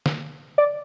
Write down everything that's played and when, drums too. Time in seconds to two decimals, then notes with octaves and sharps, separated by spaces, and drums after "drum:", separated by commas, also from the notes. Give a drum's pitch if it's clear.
0.06 drum: snare
0.58 D5